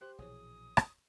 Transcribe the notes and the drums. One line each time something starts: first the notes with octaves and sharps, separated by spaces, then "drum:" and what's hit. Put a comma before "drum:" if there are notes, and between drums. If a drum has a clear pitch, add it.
G4 C5 F#6
A#1 B2 E3 G#4 C#5 D#6
drum: rim click